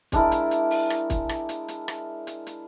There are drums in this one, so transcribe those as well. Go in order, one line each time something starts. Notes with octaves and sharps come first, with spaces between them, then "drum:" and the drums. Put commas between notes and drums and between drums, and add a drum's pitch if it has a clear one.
G#3 D4 E4 A#4, drum: kick, hi-hat
drum: hi-hat
drum: hi-hat
drum: open hi-hat
drum: rim click
drum: kick, hi-hat
drum: rim click
drum: hi-hat
drum: hi-hat
drum: rim click
drum: hi-hat
drum: hi-hat